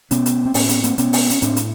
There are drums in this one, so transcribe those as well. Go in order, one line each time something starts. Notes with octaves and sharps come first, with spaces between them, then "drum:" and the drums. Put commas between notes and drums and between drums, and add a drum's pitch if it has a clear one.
B2 B3 C#4, drum: hi-hat
drum: hi-hat
C4
A2 B3 C#4, drum: open hi-hat
B3 C#4, drum: hi-hat
A#3 C4, drum: hi-hat
B2 B3 C#4, drum: hi-hat
drum: open hi-hat
C#4, drum: hi-hat
A2 C4 D4, drum: hi-hat
drum: hi-hat